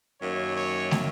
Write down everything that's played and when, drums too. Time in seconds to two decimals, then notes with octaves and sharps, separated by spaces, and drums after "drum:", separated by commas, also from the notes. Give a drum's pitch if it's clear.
0.21 F#2 D#3 F#3 A#3 C#5
0.56 C#5
0.91 drum: snare